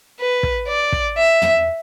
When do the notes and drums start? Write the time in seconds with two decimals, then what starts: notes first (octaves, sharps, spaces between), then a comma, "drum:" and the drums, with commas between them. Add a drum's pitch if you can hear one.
0.19 B4
0.43 drum: kick
0.68 D5
0.92 drum: kick
1.18 E5
1.42 drum: tom